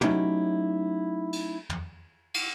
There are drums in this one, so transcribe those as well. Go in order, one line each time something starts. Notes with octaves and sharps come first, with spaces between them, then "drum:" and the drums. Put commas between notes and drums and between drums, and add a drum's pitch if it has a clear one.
F#3 A3 C#4 D#4 E4 G4, drum: tom
drum: cymbal
drum: tom
drum: cymbal